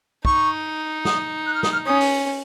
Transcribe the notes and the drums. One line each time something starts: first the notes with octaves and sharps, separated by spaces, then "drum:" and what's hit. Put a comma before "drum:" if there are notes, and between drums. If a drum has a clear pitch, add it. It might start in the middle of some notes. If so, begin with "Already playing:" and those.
D#4 C#6, drum: kick
D#6, drum: snare
F#6
F6
D#6, drum: snare
F6
C#4 D#6
drum: open hi-hat